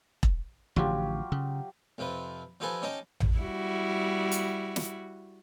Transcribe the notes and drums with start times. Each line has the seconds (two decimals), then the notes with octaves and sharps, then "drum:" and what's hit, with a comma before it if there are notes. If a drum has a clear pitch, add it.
0.23 drum: kick E1
0.76 A1 D3 F3 F#3 F4 G4
1.32 C#3
1.98 F2 C3 F3 B4
2.60 F3 D#4 G4 A4 B4 G#5
2.82 C#4 D#4 G4 D#5 A5
3.20 drum: tom A1
3.37 G3 E4 F#4
4.32 drum: hi-hat
4.76 drum: snare